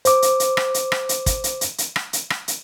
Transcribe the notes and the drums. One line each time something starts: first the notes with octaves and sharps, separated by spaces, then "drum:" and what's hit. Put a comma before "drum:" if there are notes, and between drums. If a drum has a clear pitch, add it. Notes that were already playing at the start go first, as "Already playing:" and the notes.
C5 D6, drum: hi-hat
drum: hi-hat
drum: hi-hat
drum: rim click
drum: hi-hat
drum: rim click
drum: hi-hat
drum: kick, hi-hat
drum: hi-hat
drum: hi-hat
drum: hi-hat
drum: rim click
drum: hi-hat
drum: rim click
drum: hi-hat